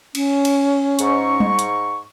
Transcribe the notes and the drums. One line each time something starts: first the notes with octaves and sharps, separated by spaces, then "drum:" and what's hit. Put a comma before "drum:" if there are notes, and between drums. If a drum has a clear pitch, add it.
C#4, drum: cymbal
drum: cymbal
G#2 C#6, drum: hi-hat
drum: tom G3
drum: hi-hat